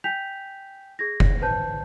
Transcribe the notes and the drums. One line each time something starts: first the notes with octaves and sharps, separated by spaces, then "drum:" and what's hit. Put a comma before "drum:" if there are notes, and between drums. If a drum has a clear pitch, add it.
G5 G#5 G6 B6 F7
G#4 G#6 A#6
drum: kick F1
B4 C5 A5 G6